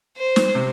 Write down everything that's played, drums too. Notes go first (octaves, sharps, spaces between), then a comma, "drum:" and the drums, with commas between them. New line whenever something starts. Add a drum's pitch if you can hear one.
C5
drum: snare
C3